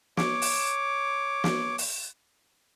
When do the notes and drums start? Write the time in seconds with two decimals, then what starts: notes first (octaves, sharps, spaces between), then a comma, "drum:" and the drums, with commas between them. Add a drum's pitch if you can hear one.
0.17 C#5 D6, drum: snare
0.42 drum: open hi-hat
1.44 drum: snare
1.78 drum: open hi-hat